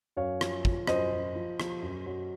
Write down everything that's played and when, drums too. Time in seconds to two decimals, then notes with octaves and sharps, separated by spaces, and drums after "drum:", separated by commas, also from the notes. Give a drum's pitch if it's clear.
0.17 F#2 C#5 F5
0.41 F3, drum: rim click
0.65 F3, drum: kick
0.87 F#2 C5 D#5, drum: rim click
1.12 F#2
1.35 F3
1.60 F3, drum: rim click
1.82 F#2
2.06 F#3